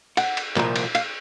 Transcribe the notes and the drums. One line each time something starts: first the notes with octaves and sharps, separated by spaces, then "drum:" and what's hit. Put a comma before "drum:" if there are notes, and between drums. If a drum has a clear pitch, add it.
F#5, drum: cymbal
drum: cymbal
C2 A#2 F3 A#3, drum: clap
drum: cymbal
F5, drum: cymbal